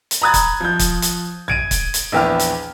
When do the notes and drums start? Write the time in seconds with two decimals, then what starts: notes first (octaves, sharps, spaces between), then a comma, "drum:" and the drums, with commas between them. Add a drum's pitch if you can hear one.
0.11 drum: hi-hat
0.22 A#5 B5 D#6 F#6 G#6 A6
0.34 drum: kick C#1, hi-hat
0.60 F3 G6
0.79 drum: kick C#1, hi-hat
1.02 drum: hi-hat
1.48 G#6 D7 D#7, drum: tom A#1
1.71 drum: kick C#1, hi-hat
1.94 drum: hi-hat
2.12 A#1 E2 B4 G5 F6
2.39 drum: hi-hat